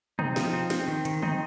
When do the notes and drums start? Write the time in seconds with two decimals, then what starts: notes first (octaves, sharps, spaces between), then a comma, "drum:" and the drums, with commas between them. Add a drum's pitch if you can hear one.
0.19 C4 D#4, drum: tom
0.36 F3 D#4, drum: snare
0.53 C4
0.70 C4, drum: snare
0.88 D#3
1.05 D#3, drum: hi-hat
1.23 C4 D#4, drum: tom